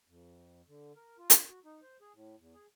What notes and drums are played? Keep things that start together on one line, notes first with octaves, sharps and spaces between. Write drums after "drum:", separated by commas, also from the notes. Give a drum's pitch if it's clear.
F2
D3
A#4
F4
drum: hi-hat
F#4
D#4
C5
G#4
A2
E2
G#4